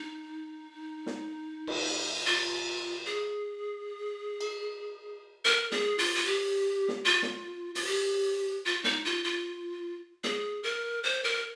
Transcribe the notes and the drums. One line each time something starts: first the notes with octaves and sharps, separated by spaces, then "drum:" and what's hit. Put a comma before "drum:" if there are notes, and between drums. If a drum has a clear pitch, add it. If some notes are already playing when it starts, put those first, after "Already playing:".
Already playing: D#4
drum: snare
drum: cymbal
F4
G#4
drum: cymbal
A#4
G#4, drum: snare
F4, drum: open hi-hat
F4
G4
drum: snare
F4
drum: snare
F4, drum: open hi-hat
G4
F4
D#4, drum: snare
F4
F4
G#4, drum: snare
A#4
C5
A#4